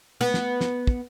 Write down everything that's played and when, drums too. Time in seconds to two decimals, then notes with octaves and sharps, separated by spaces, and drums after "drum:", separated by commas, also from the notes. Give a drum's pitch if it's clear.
0.21 B3
0.34 drum: snare
0.61 drum: snare
0.87 drum: kick